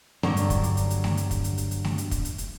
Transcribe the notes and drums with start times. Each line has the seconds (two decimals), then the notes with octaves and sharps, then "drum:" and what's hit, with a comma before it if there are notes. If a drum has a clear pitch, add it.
0.23 G2 D3 F#3 A#5, drum: snare A3
0.37 drum: hi-hat
0.50 drum: kick, hi-hat
0.64 drum: hi-hat
0.77 drum: hi-hat
0.90 drum: hi-hat
1.04 drum: snare A3
1.17 drum: hi-hat
1.31 drum: kick, hi-hat
1.44 drum: hi-hat
1.58 drum: hi-hat
1.71 drum: hi-hat
1.84 drum: snare A3
1.98 drum: hi-hat
2.11 drum: kick, hi-hat
2.25 drum: hi-hat
2.38 drum: hi-hat